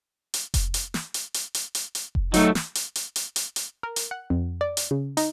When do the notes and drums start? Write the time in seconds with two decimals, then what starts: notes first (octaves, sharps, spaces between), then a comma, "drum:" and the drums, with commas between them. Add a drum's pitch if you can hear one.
0.34 drum: hi-hat
0.54 drum: kick F1, hi-hat
0.74 drum: hi-hat
0.94 drum: snare
1.14 drum: hi-hat
1.34 drum: hi-hat
1.54 drum: hi-hat
1.75 drum: hi-hat
1.95 drum: hi-hat
2.15 drum: kick F1
2.34 F#3 A3 D#4, drum: hi-hat
2.55 drum: snare
2.75 drum: hi-hat
2.95 drum: hi-hat
3.16 drum: hi-hat
3.36 drum: hi-hat
3.56 drum: hi-hat
3.83 A#4
3.96 drum: hi-hat
4.11 F#5
4.30 F2
4.61 D5
4.77 drum: hi-hat
4.91 C#3
5.17 D#4, drum: hi-hat